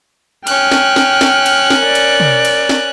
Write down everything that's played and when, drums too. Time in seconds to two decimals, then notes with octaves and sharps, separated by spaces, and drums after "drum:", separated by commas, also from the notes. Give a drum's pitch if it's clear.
0.47 C#4 G5 F6 F#6, drum: cymbal
0.72 drum: snare
0.96 drum: snare
1.21 drum: snare
1.46 drum: cymbal
1.70 drum: snare
1.81 A#4 D5
1.95 drum: cymbal
2.20 drum: tom
2.45 drum: cymbal
2.69 drum: snare